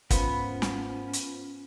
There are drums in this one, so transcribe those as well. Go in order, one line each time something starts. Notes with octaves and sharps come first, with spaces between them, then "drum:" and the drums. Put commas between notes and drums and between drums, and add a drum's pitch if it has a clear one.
G#2 B3 C#4 F4 A#4 C5, drum: kick, hi-hat
drum: snare
drum: hi-hat